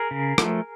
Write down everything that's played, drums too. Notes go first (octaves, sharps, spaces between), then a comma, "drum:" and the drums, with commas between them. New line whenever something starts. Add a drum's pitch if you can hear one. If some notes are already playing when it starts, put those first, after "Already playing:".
Already playing: G#4 A#4
C#3
F3 A3, drum: rim click